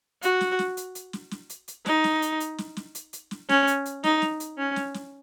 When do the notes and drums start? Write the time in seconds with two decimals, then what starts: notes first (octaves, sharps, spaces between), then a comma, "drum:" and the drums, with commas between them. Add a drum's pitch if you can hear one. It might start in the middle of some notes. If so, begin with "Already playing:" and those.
0.22 F#4, drum: hi-hat
0.41 drum: snare
0.59 drum: snare
0.77 drum: hi-hat
0.95 drum: hi-hat
1.13 drum: snare
1.31 drum: snare
1.50 drum: hi-hat
1.68 drum: hi-hat
1.86 D#4, drum: snare
2.04 drum: snare
2.22 drum: hi-hat
2.40 drum: hi-hat
2.58 drum: snare
2.77 drum: snare
2.95 drum: hi-hat
3.13 drum: hi-hat
3.31 drum: snare
3.49 C#4, drum: snare
3.67 drum: hi-hat
3.85 drum: hi-hat
4.04 D#4, drum: snare
4.22 drum: snare
4.40 drum: hi-hat
4.58 C#4
4.76 drum: snare
4.94 drum: snare